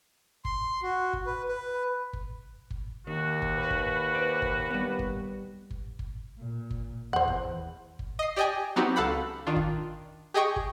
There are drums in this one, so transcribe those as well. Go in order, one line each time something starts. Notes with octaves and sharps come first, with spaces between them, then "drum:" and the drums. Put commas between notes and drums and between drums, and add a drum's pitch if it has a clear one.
C6, drum: kick
F#4
drum: kick
B4
B4
drum: kick
drum: kick
D#2 D#3 F#4
drum: kick
B4
drum: kick
C5 D5
drum: kick
G3 B3
drum: kick
drum: kick
drum: kick
A#2
drum: kick
E2 C5 F#5
drum: kick
drum: kick
D#5 C7
G4 D5 D#5 G5 G#5
F#3 B3 C4 D#4 F#4 G4
C#2 A4 F5 F#5 B5
D#3 D4 F4
drum: kick
G4 G#4 D#5 G5 C#6
drum: kick